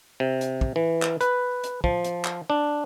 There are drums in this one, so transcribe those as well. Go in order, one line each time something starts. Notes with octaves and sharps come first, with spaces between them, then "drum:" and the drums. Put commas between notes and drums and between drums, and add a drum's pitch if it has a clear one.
C3
drum: hi-hat
drum: kick
E3
drum: clap
B4, drum: hi-hat
drum: hi-hat
F3, drum: kick
drum: hi-hat
drum: clap
D4